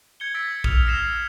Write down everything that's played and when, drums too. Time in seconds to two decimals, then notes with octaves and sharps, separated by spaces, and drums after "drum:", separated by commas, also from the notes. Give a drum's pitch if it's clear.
0.20 G6 G#6 C#7 G7
0.34 E6 G#6 A6 B6 D7
0.64 D#6 F6 F7, drum: kick A#1
0.85 E6 F6 A#6 C7 E7 F7